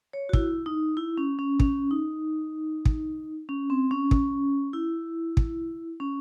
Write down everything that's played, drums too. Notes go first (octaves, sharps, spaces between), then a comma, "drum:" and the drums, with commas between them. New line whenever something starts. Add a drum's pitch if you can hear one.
C#5
F#4
E4, drum: kick
D#4
E4
C#4
C#4
C#4, drum: kick
D#4
drum: kick
C#4
C4
C#4
drum: kick
E4
drum: kick
C#4